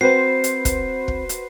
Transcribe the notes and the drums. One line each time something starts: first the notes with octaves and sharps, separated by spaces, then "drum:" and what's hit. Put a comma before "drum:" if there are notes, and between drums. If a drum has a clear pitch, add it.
C4 F#4 B4 C5 C7
drum: hi-hat
drum: kick, hi-hat
drum: kick
drum: hi-hat